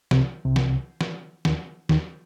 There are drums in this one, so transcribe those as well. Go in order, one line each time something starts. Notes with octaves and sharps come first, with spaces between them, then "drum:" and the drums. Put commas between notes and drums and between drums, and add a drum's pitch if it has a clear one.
C2 C3, drum: snare
C2 C3
drum: snare
drum: snare
D#2 D#3, drum: snare
D#2 D#3, drum: snare